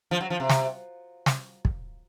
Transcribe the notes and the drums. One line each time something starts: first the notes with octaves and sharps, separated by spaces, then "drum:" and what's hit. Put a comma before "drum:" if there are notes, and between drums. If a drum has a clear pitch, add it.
F3
F#3
F3
C3
drum: snare
drum: snare
drum: kick